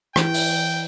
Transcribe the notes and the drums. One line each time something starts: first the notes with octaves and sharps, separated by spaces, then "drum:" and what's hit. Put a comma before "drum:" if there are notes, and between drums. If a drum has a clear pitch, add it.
E3 G5, drum: rim click
drum: open hi-hat